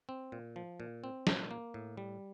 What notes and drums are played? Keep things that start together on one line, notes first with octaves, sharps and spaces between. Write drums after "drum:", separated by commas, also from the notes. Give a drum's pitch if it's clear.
C4
A#2
F3
A#2
C4
A#2, drum: snare
A#3
A2
G3